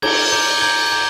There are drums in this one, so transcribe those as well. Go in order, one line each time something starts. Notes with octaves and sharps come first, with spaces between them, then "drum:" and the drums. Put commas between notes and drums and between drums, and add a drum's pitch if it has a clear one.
A#5 D6 G6 G#6, drum: cymbal
A#5 D6 G6
A#5 D6 G6 G#6
A#5 D6 G6